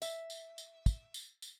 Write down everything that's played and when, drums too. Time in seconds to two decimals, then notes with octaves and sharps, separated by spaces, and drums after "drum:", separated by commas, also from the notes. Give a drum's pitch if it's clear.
0.02 E5, drum: tambourine
0.30 drum: tambourine
0.58 drum: tambourine
0.86 drum: kick, tambourine
1.14 drum: tambourine
1.42 drum: tambourine